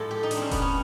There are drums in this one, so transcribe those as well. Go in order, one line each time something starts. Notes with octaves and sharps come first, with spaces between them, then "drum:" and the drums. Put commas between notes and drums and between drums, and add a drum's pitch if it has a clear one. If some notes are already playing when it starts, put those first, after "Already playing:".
Already playing: A2 F3 G#3 A4
G4
D#4
D4, drum: hi-hat
C4 C#4
B3, drum: kick E1, hi-hat
C#4